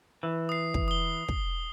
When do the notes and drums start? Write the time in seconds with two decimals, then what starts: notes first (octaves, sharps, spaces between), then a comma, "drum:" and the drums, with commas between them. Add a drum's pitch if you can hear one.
0.23 E3
0.49 D#6 C7
0.74 drum: kick
0.88 D#6 G7
1.29 drum: kick